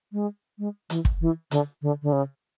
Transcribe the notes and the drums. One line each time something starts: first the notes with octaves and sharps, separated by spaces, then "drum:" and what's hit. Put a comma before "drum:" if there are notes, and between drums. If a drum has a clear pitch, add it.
G#3
G#3
E3, drum: hi-hat
drum: kick
E3
D3, drum: hi-hat
D3
D3
C#3